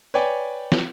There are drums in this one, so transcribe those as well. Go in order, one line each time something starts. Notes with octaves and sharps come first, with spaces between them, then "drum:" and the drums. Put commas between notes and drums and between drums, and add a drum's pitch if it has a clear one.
B4 C#5 D5 G5 G#5
drum: snare